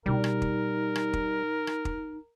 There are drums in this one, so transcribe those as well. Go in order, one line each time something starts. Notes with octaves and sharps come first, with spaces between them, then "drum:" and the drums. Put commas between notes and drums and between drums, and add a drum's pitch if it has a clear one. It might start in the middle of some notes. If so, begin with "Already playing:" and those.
B2 G3 D4 D#4 A#4
drum: rim click
drum: kick
drum: rim click
drum: kick
drum: rim click
drum: kick